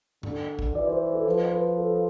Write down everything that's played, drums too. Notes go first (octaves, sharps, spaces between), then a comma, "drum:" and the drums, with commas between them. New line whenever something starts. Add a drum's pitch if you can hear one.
D3, drum: tom
drum: kick
E3 D5
C5
A4
F3 B4
B4
A4